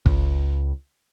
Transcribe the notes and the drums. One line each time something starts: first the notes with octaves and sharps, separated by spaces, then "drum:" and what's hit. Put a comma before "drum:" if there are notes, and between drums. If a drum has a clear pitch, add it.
C#2, drum: kick